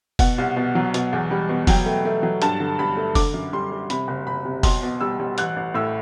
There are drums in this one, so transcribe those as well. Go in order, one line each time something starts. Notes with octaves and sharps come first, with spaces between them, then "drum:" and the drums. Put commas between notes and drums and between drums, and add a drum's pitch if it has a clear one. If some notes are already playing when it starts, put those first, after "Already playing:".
B2 F#5, drum: kick F1, open hi-hat
C2
B2
F#3
B2, drum: hi-hat
E2
G3
B2
F#3 G5, drum: kick F1, open hi-hat
A3
A3
F#3
G2 A5, drum: hi-hat
D3
G2 B5
A3
D3 D6, drum: kick F1, open hi-hat
F#2
G3 C6
G3
C3 B5, drum: hi-hat
F#1
F#1 B5
C3
B1 C6, drum: kick F1, open hi-hat
B2
G3 E6
G3
A1 F#6, drum: hi-hat
A1
A2 E6